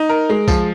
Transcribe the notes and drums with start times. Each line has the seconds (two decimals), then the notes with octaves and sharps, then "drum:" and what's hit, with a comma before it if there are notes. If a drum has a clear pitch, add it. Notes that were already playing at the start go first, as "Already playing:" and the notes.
Already playing: D#4
0.09 A#4
0.29 G#3
0.48 F3, drum: kick, tambourine